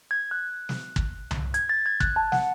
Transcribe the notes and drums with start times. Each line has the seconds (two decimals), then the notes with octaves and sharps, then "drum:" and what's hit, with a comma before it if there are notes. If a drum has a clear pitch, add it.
0.11 G#6
0.31 F#6
0.69 drum: snare
0.96 drum: kick
1.31 drum: tom C2
1.54 G#6, drum: hi-hat
1.69 A6
1.86 G#6
2.00 F#6, drum: kick
2.16 A5
2.32 F#5, drum: snare